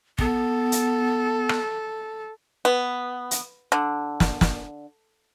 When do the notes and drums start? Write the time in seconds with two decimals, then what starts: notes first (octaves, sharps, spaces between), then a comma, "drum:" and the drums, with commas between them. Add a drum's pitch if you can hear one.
0.19 B3 A4, drum: kick
0.72 drum: hi-hat
1.49 drum: rim click
2.65 B3
3.31 drum: hi-hat
3.72 D3
4.20 drum: snare
4.41 drum: snare